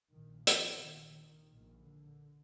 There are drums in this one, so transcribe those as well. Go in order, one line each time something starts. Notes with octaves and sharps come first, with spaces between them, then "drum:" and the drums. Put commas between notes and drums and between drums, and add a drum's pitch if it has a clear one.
A#1 A#2 D#3
F3, drum: hi-hat
A#1 A#2 D#3
D#3
A#1 A#2
D3